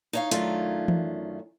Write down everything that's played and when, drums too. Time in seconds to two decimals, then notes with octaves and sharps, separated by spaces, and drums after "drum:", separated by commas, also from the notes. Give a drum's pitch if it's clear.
0.13 D#4 C#5 F5
0.31 F#2 D#3 A3 C#4 D4 F4, drum: hi-hat
0.88 drum: tom E3